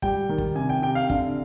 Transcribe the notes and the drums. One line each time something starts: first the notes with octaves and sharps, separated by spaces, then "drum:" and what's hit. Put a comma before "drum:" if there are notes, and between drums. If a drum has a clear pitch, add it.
G3 G5, drum: kick
D#3
drum: kick
C3 G#5
G5
C3 G5
F5
D3, drum: kick